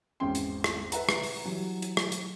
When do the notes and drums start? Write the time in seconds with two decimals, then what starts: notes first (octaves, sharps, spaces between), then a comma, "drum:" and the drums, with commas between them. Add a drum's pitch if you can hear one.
0.20 G#1 E2 C4 C#4 G5 C6
0.35 drum: hi-hat
0.64 drum: rim click
0.92 B4 E5 F#5 A#5, drum: hi-hat
1.09 drum: rim click
1.23 drum: open hi-hat
1.44 E3 F#3 G3
1.82 drum: hi-hat
1.97 drum: rim click
2.12 drum: hi-hat